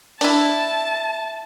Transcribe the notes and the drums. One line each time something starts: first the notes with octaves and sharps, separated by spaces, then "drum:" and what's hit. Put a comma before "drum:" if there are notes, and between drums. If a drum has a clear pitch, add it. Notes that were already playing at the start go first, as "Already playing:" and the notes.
D4 E4 A5, drum: open hi-hat